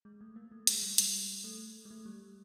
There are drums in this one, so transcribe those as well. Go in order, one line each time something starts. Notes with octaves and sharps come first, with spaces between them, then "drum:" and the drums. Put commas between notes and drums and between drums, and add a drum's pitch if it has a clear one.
G#3
A3
A#3
A3
G#3, drum: hi-hat
G3
G3, drum: hi-hat
A3
G#3
A3
G3